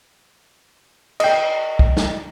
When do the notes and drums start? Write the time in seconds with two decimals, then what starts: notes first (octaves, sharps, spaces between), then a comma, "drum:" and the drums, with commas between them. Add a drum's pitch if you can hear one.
1.20 D#5 G5, drum: cymbal
1.79 drum: kick C2
1.97 drum: snare